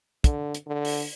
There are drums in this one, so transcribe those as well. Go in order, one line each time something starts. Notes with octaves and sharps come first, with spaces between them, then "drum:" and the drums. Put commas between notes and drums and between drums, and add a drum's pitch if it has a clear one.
D3, drum: kick, hi-hat
drum: hi-hat
D3
drum: open hi-hat